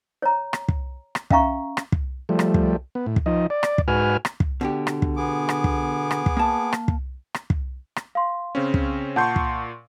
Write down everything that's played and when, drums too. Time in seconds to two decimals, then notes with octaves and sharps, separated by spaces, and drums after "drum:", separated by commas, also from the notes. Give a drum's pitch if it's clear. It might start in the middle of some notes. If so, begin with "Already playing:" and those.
0.22 C#5 A#5
0.53 drum: rim click
0.68 drum: kick
1.15 drum: rim click
1.30 C#4 E5 F5 G5 A#5 C#6, drum: kick
1.77 drum: rim click
1.92 drum: kick
2.29 F3 G3 A3
2.39 drum: rim click
2.54 drum: kick
2.95 B3
3.06 A2
3.16 drum: kick
3.26 F3 D#4 D#5
3.50 D5
3.63 drum: rim click
3.78 drum: kick
3.88 G#2 F#4 B4 G#5 F6
4.25 drum: rim click
4.40 drum: kick
4.61 B2 D3 G4
4.87 drum: rim click
5.02 drum: kick
5.17 B3 G#4 D6
5.49 drum: rim click
5.64 drum: kick
6.11 drum: rim click
6.26 drum: kick
6.37 A#3 A5
6.73 drum: rim click
6.88 drum: kick
7.34 drum: rim click
7.50 drum: kick
7.96 drum: rim click
8.15 F5 C6
8.55 C#3 C4 C#4
8.74 drum: kick
9.16 A#2 F#5 A5 C6 C#6 G6
9.36 drum: kick